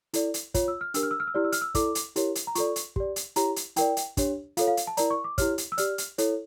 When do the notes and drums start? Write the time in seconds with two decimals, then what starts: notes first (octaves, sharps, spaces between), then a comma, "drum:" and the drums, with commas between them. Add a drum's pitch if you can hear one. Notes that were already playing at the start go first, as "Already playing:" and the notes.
0.14 E4 A4 D5, drum: hi-hat
0.34 drum: hi-hat
0.54 F4 C#5, drum: kick, hi-hat
0.68 E6
0.81 F6
0.94 D4 G4 A#4 E6, drum: hi-hat
1.03 F6
1.11 E6
1.20 F6
1.27 E6
1.34 E4 G4 D5 F6
1.44 E6
1.52 F6, drum: hi-hat
1.62 E6
1.75 E4 A4 D5 D6, drum: kick, hi-hat
1.95 drum: hi-hat
2.16 E4 G4 A#4 C#5, drum: hi-hat
2.35 drum: hi-hat
2.47 A#5
2.55 F4 A4 D5 C#6, drum: hi-hat
2.76 drum: hi-hat
2.96 G4 D5, drum: kick
3.16 drum: hi-hat
3.36 E4 G4 C#5 A#5, drum: hi-hat
3.56 drum: hi-hat
3.76 E4 A#4 D5 G5, drum: hi-hat
3.97 drum: hi-hat
4.17 D4 G4 C#5, drum: kick, hi-hat
4.57 F4 A4 C#5 F5, drum: hi-hat
4.68 F5
4.77 drum: hi-hat
4.87 A5
4.97 E4 A#4 D5 A#5, drum: hi-hat
5.10 C#6
5.24 D6
5.38 E4 G4 C#5 F6, drum: kick, hi-hat
5.58 drum: hi-hat
5.72 E6
5.78 G4 D5 F6, drum: hi-hat
5.98 drum: hi-hat
6.18 E4 A4 C#5, drum: hi-hat